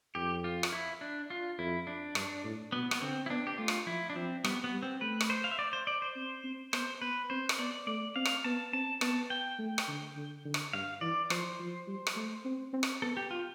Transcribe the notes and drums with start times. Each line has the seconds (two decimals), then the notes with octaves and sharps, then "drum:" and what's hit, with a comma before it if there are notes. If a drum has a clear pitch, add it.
0.15 F2 G4
0.44 F4
0.63 drum: rim click
0.72 E4
1.01 D4
1.30 F4
1.58 F2 E4
1.87 D4
2.15 G2, drum: rim click
2.44 A2
2.72 B2 B3
2.91 B3, drum: rim click
3.01 D3 C4
3.26 E4
3.30 B3 D4
3.47 G4
3.58 A3 F4
3.68 drum: rim click
3.87 F3 E4
4.10 D4
4.16 F3 C4
4.44 G3 B3, drum: rim click
4.64 B3
4.73 G3
4.82 C4
5.01 A3 B4
5.21 drum: rim click
5.30 C5
5.44 F5
5.51 E5
5.59 D5
5.73 C5
5.87 D5
6.02 C5
6.16 C4
6.44 C4
6.73 B3 C5, drum: rim click
7.01 B3 B4
7.30 C4 C5
7.49 drum: rim click
7.58 B3 D5
7.87 A3 D5
8.16 C4 F5
8.25 drum: rim click
8.44 B3 A5
8.73 C4 A5
9.01 B3 A5, drum: rim click
9.30 G5
9.59 A3
9.78 drum: rim click
9.88 D3
10.16 D3
10.45 D3
10.54 drum: rim click
10.73 G2 F5
11.01 E3 D5
11.30 F3 C5, drum: rim click
11.60 F3
11.88 G3
12.07 drum: rim click
12.16 A3
12.45 C4
12.73 C4
12.83 drum: rim click
13.02 B3 A4
13.17 G4
13.31 F4